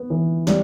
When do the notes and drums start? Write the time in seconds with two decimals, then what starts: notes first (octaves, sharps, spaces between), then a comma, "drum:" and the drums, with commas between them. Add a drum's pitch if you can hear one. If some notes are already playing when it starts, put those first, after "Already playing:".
Already playing: B3
0.10 E3
0.47 G3, drum: snare